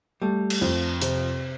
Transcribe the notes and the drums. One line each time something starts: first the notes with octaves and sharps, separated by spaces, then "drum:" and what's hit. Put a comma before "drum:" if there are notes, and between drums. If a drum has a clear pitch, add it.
G3 A3
drum: cymbal
F2
C3, drum: hi-hat